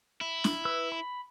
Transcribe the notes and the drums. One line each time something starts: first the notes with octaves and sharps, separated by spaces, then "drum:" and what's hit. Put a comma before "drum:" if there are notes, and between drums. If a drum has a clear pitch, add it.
E4
drum: snare
B4 E6
B5